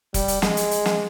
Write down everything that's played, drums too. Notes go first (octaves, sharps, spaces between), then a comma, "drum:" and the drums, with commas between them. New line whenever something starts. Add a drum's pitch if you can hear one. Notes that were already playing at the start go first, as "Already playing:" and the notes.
G3, drum: kick F1, hi-hat
drum: hi-hat
G#3, drum: snare
drum: hi-hat
drum: hi-hat
drum: snare